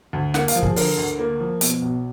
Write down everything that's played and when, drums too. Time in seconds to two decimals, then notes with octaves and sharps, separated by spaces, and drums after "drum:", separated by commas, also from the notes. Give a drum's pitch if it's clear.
0.13 D2
0.34 A#3 F#5, drum: snare
0.48 F5, drum: hi-hat
0.55 F3
0.63 G#4, drum: kick
0.76 D3 A#4, drum: open hi-hat
0.98 D2
1.19 A#3
1.40 F3
1.61 B2, drum: hi-hat
1.82 B1